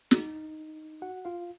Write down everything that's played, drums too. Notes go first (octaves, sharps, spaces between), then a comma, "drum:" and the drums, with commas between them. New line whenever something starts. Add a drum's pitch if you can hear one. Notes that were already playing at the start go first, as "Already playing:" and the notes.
D#4 D#5, drum: snare
F#4 F#5
F4 F5